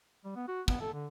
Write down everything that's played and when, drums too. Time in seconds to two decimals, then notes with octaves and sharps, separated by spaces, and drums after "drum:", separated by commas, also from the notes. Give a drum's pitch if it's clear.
0.25 G3
0.36 B3
0.48 F#4
0.68 B3, drum: kick
0.81 A4
0.93 D3